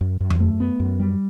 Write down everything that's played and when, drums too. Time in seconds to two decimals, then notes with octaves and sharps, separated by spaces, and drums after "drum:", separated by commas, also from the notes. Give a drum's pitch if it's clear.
0.01 F#2
0.20 F#2
0.30 drum: tom F2
0.40 A3
0.60 B3
0.80 F#2
1.00 G3